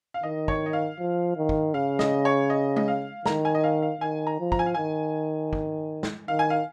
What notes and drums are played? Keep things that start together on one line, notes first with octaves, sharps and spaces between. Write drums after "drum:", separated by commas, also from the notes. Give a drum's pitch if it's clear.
F5
D#3 D#5
C#5, drum: kick
D#5
F5
F3
D#3
drum: kick
C#3 F5
D#5, drum: snare
C#5
D#5
D#5, drum: tom G#3
F5
D#3 A#5, drum: snare
G#5
D#5
F5
F5
D#3 G#5
A#5
F3
A#5, drum: kick
G#5
F5
D#3 G#5
drum: kick
drum: snare
D#3 F5
G#5
F5